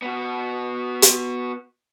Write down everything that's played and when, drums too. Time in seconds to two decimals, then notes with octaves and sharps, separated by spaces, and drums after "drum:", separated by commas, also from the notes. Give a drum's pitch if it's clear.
0.02 B3 F#4
1.02 drum: hi-hat